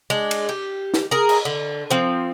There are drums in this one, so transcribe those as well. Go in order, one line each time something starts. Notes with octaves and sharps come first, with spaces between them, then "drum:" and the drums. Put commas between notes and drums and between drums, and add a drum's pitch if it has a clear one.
G#3 D4
drum: cymbal
G4
drum: snare
G#4 A#4
drum: cymbal
D3
F3 C4